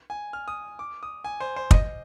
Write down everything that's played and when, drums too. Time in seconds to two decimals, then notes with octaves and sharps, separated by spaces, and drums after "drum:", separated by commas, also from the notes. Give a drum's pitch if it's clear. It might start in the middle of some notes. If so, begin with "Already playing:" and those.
0.10 G#5
0.33 F6
0.48 D#6
0.79 D6
1.03 D#6
1.24 G#5
1.40 C5
1.56 C5
1.71 D#5, drum: kick